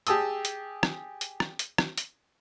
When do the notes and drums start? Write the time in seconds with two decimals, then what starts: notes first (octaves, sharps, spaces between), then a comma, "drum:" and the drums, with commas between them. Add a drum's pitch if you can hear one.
0.07 G4 G#4 A5 D#6 E6, drum: hi-hat
0.45 drum: hi-hat
0.83 drum: rim click
1.21 drum: hi-hat
1.40 drum: rim click
1.59 drum: hi-hat
1.78 drum: rim click
1.98 drum: hi-hat